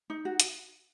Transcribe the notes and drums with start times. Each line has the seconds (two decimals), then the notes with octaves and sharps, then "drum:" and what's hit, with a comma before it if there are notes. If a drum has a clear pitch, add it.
0.10 D#4
0.25 F#4
0.40 drum: hi-hat